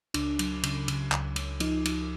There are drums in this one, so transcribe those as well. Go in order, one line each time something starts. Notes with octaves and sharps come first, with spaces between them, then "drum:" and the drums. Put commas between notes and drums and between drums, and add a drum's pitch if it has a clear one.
C#2 D4, drum: cymbal
F#3, drum: cymbal
C#3, drum: cymbal
C#3, drum: cymbal
C#2, drum: clap
C#2, drum: cymbal
F3 D#4, drum: cymbal
F3, drum: cymbal